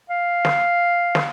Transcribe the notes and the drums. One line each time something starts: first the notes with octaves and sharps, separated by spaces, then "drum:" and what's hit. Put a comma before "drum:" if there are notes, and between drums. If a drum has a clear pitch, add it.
F5
drum: snare
drum: snare